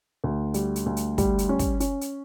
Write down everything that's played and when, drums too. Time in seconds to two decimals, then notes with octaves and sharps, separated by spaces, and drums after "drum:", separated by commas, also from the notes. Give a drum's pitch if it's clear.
0.24 D2
0.54 G3, drum: hi-hat
0.76 drum: hi-hat
0.86 D2
0.97 drum: hi-hat
1.18 G3, drum: kick, hi-hat
1.38 drum: hi-hat
1.49 C#4
1.59 drum: kick, hi-hat
1.80 C#4, drum: hi-hat
2.01 drum: hi-hat